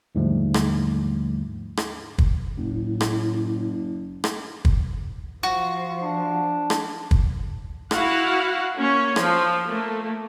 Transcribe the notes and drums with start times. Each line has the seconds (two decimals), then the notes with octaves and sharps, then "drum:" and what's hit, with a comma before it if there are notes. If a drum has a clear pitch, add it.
0.15 D#2 G#2 D3 F3 G3 A3
0.54 drum: rim click
1.77 drum: rim click
2.18 drum: kick
2.57 F#1 A2
3.01 drum: rim click
4.24 drum: rim click
4.65 drum: kick
5.43 F3 F#4
6.03 D4
6.70 drum: rim click
7.11 drum: kick
7.91 E4 F#4 F5 F#5, drum: rim click
8.75 A#3 C#4 C#5
9.16 F3, drum: rim click
9.66 A3 A#3